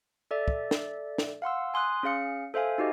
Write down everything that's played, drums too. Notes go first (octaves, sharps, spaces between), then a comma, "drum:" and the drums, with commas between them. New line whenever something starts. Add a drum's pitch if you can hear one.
A4 D5 E5
drum: kick
drum: snare
drum: snare
F5 F#5 C6 E6
G#5 C6 D#6 F#6
C#4 G#4 F5 C#7
A4 C5 E5 F5 G#5
D#4 F#4 G4 D#5